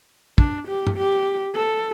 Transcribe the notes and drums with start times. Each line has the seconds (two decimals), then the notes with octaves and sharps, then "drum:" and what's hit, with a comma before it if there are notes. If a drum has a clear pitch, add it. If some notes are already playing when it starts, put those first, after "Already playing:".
0.38 D4, drum: kick
0.68 G4
0.87 drum: tom
0.98 G4
1.56 A4